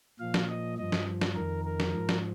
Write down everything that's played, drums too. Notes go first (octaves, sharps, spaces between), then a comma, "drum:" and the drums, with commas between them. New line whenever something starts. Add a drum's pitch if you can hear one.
A#2 F3 F5
drum: snare
D#5
G2 F3 D#5
drum: snare
drum: snare
F2 D#3 A#4
A#4
drum: snare
G#2 F3
drum: snare